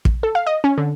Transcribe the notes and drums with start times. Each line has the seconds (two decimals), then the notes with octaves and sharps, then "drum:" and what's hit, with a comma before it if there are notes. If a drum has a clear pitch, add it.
0.05 drum: kick
0.23 A4
0.35 F5
0.47 D#5
0.64 C#4
0.78 D3